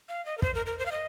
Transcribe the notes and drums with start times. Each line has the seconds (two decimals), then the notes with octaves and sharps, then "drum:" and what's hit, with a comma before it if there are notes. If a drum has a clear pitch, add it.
0.09 F5
0.25 D#5
0.38 A#4
0.42 C5, drum: kick
0.55 A#4
0.66 A#4
0.79 C5
0.86 F5
0.92 D#5